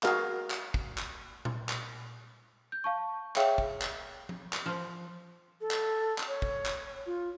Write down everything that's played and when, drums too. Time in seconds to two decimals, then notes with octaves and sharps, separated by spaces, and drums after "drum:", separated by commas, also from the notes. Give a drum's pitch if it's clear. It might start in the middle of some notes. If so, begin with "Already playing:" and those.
0.03 F#4 G#4 A#4 D#5 F5, drum: clap
0.51 drum: clap
0.74 drum: kick
0.98 drum: clap
1.45 drum: tom A#2
1.69 drum: clap
2.72 G6
2.84 F5 A5 C#6
3.36 G#4 C#5 E5 F5 G5, drum: clap
3.58 drum: kick
3.82 drum: clap
4.29 drum: tom F3
4.53 drum: clap
4.66 F3
5.61 A4
5.71 drum: clap
6.18 drum: clap
6.28 C#5
6.42 drum: kick
6.66 drum: clap
7.06 F4